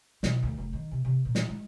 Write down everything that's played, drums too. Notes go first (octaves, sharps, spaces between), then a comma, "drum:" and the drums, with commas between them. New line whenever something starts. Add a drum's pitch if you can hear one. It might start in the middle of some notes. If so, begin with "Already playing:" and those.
B2, drum: snare
D2
F1
D#3
C3
C3
A#2
drum: snare
G#3